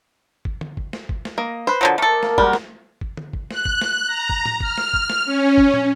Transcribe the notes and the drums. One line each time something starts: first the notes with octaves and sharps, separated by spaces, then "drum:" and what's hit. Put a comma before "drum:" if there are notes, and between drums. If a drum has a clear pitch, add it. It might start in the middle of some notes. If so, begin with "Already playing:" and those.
drum: kick G#1
drum: tom
drum: kick G#1
drum: snare
drum: kick G#1
drum: snare
A#3 D#5
B4 C5
D3 F3 F#3
A3 A4 A#4 D5
A#3 A#4, drum: snare
G3 G#3 F#4 A#4, drum: kick G#1
drum: snare
drum: kick G#1
drum: tom
drum: kick G#1
F#6, drum: snare
drum: kick G#1
drum: snare
A#5
drum: kick G#1
drum: tom A2
F6, drum: kick G#1
drum: snare
drum: kick G#1
drum: snare
C#4
drum: kick G#1
drum: tom